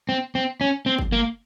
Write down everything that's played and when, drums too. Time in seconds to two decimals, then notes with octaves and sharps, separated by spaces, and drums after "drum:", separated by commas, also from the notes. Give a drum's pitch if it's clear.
0.09 C4
0.35 C4
0.61 C#4
0.86 C4
0.99 drum: kick
1.12 A#3